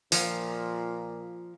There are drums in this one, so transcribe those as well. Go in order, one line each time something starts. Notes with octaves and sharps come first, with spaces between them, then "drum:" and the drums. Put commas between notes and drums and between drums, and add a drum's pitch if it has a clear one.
A#2 F3, drum: open hi-hat